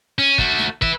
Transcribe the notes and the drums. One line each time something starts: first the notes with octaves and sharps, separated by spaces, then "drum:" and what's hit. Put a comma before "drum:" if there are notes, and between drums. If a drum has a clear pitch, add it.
C#4
A3 F#4, drum: kick
drum: snare
B4 E5, drum: kick